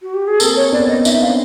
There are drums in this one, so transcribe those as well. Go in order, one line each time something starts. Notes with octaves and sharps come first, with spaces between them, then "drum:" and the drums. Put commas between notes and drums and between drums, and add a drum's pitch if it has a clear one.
F#4
G4
G#4
A#3 C4 A4, drum: tambourine
C#5
B3 C#4 D5
D#5
C#4 D#4 E5, drum: tambourine
C4 D4 F5